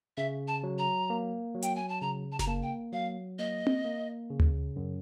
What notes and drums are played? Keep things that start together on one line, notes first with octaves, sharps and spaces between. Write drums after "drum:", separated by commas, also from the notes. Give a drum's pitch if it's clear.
C#3 E5
A5
F#3
A#5
A#3
F#3
G5, drum: hi-hat
G#5
A5
C#3 A#5
A5
A#5, drum: snare F#1
A#3 A5
G5
F#3 F5
A#3 D#5
drum: tom C4
A#3
C#3
drum: tom D2
F#2